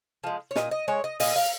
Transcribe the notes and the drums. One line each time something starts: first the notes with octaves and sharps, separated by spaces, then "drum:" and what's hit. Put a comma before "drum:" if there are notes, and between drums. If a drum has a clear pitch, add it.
F3 G#3
C#5
A#2 D#5, drum: snare
D#5
G#3 C#5
D#5
A#2 D#5, drum: open hi-hat
F5